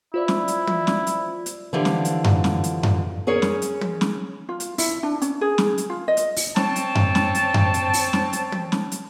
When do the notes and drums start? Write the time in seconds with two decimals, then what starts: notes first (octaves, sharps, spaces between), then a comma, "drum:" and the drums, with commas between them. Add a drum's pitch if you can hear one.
0.14 E4 F4 C5 D5
0.28 drum: snare
0.48 drum: hi-hat
0.67 drum: tom
0.87 drum: snare
1.07 drum: hi-hat
1.46 drum: hi-hat
1.73 D3 E3 F3 G4
1.85 drum: snare
2.05 drum: hi-hat
2.24 drum: tom F#2
2.44 drum: snare
2.64 drum: hi-hat
2.83 drum: tom F#2
3.27 C#4 G#4 A#4 C#5
3.42 drum: snare
3.62 drum: hi-hat
3.81 drum: tom
4.01 drum: snare
4.49 F4
4.60 drum: hi-hat
4.78 E4, drum: open hi-hat
5.03 D4
5.22 C#4, drum: hi-hat
5.41 G#4
5.58 drum: snare
5.78 drum: hi-hat
5.90 F4
6.08 D#5
6.17 drum: hi-hat
6.36 drum: open hi-hat
6.56 C4 C#5 G5 A5, drum: snare
6.76 drum: hi-hat
6.95 drum: tom F#2
7.15 drum: snare
7.35 drum: hi-hat
7.54 drum: tom F#2
7.74 drum: hi-hat
7.93 drum: open hi-hat
8.13 drum: snare
8.33 drum: hi-hat
8.52 drum: tom
8.72 drum: snare
8.92 drum: hi-hat